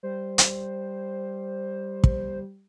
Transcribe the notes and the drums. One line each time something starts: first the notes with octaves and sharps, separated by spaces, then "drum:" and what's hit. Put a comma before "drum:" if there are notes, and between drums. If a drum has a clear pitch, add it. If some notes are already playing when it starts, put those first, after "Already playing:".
G3 C5
drum: hi-hat
drum: kick